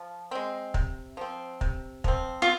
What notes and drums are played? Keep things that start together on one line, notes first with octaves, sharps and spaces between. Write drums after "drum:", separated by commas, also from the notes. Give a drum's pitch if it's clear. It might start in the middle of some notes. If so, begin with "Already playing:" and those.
Already playing: F3
G#3 C4
C3, drum: kick
F3 C4
C3, drum: kick
F3 C4, drum: kick
F4